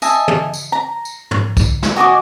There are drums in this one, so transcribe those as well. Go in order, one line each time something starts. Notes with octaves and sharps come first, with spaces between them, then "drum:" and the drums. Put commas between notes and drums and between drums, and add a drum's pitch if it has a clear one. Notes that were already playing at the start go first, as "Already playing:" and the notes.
D#5 E5 G#5 A5, drum: tambourine
drum: tom
drum: tambourine
A#5
drum: tambourine
drum: tom
drum: kick, tambourine
drum: snare
F#4 D#5 G#5 D6